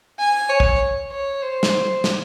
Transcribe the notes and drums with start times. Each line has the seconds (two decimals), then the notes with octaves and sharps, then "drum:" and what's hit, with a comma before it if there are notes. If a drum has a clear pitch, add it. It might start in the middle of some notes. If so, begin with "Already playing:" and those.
0.19 G#5
0.50 C#5
0.60 drum: kick
1.11 C#5
1.42 C5
1.63 drum: snare
2.04 drum: snare